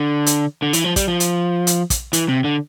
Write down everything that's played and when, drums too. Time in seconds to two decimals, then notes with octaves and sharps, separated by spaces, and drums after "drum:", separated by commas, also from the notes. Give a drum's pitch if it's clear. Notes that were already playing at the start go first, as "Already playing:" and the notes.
Already playing: D3
0.26 drum: hi-hat
0.62 D3
0.73 E3, drum: hi-hat
0.84 F3
0.96 G3, drum: kick, hi-hat
1.08 F3
1.20 drum: hi-hat
1.67 drum: hi-hat
1.90 drum: kick, hi-hat
2.13 E3, drum: hi-hat
2.29 C3
2.44 D3